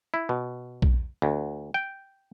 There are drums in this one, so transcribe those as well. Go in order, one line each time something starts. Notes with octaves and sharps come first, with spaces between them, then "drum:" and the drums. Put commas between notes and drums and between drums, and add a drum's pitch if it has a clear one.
E4
B2
drum: kick A#1
D2
G5